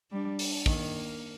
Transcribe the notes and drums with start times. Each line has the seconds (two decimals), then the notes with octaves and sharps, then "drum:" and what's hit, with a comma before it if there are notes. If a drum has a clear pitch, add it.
0.12 G3 D4
0.39 drum: open hi-hat
0.66 D#3 A#3, drum: kick